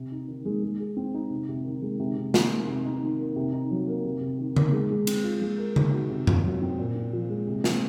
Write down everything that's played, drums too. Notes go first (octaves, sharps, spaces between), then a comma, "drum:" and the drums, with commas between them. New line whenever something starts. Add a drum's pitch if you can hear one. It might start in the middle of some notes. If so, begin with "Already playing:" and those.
Already playing: C3
D#4
D#3
G#3
G#3
G#4
C4
D#4
C3
C3
D#3
G#3
C3
C3
D#3, drum: snare
A#3
C3
D#4
D#3
A#3
C3
D#4
F#3
A#3
C3
C3
D#3
A#3, drum: tom C#3
G#3
G#3
C4, drum: cymbal
F4
G#3
A#4
D#4, drum: tom C#3
F#4
C3
F4, drum: tom F#2
F#3
C4
A#2
C4
F3
G#3
C3
C4, drum: snare